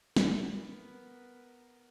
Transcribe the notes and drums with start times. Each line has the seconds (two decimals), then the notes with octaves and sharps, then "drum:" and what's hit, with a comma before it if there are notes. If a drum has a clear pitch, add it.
0.16 B3 A#4, drum: snare